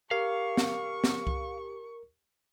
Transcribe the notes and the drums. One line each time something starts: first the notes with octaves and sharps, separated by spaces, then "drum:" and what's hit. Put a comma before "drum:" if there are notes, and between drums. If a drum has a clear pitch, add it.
G4 A#4 F5 C#6
drum: snare
drum: snare
drum: kick C2